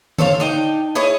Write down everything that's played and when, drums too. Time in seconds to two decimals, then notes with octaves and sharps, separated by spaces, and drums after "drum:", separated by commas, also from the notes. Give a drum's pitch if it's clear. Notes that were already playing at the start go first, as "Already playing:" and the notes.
0.18 A4 C5 C#5 F5, drum: tom D3
0.40 D4 D#4 G5
0.95 E4 G#4 C#5 D#5